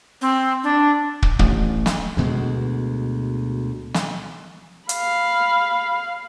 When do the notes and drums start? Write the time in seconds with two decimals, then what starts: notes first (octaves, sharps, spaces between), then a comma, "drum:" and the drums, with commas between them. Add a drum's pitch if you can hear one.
0.21 C4
0.63 D4
1.22 drum: kick
1.39 A1, drum: kick
1.86 drum: snare
2.17 D2 B2 G#3
3.94 drum: snare
4.89 F5 B5, drum: hi-hat